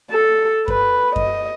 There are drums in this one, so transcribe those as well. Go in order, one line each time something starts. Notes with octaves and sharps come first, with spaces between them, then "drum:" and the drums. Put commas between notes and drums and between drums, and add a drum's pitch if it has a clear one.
A4
B4, drum: kick F#2
D#5, drum: kick F#2